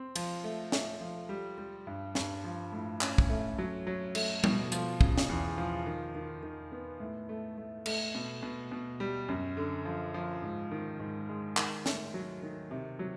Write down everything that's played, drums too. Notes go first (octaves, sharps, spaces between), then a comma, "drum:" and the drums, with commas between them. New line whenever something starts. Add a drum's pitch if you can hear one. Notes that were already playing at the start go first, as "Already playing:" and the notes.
Already playing: C4
F3, drum: cymbal
A3
A3, drum: snare
F3
G3
G3
G2
G2, drum: snare
F3
A2
C#4, drum: clap
drum: kick
A3
F#3
F#3
A3, drum: cymbal
B2, drum: tom
F3, drum: hi-hat
C#3, drum: kick
drum: snare
E2
F3
D#3
D#3
D#3
B3
A2
A3
A3
A3, drum: cymbal
B2
B2
B2
G3
F#2
D3
F3
F3
G#2
D#3
G#2
G#3
D#3, drum: clap
A3, drum: snare
F#3
D#3
C3
F#3